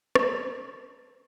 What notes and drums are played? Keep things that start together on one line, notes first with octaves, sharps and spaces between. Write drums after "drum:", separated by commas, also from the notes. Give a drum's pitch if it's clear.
A#4 D#5 G5 A5 A#5, drum: rim click